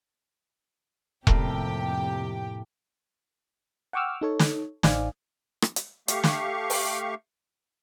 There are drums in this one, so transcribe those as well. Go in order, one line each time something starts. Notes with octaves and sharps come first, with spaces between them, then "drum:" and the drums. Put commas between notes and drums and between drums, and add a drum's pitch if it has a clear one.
F2 A2 C3 A3 A#3 G4 G5, drum: kick E1
F#5 G5 C#6 D6 E6 F6
D#4 A4 C#5
drum: snare
A1 D#4 C5 D5 F5 G#5, drum: snare
drum: rim click
drum: hi-hat
A3 G4 F5 C#6, drum: hi-hat
drum: snare
drum: open hi-hat